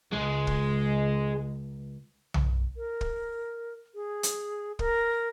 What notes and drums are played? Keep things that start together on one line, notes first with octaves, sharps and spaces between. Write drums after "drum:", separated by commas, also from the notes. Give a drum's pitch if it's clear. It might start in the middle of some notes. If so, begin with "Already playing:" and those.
C#2 G#3
drum: kick
drum: tom B1
A#4
drum: kick
G#4
drum: hi-hat
A#4, drum: kick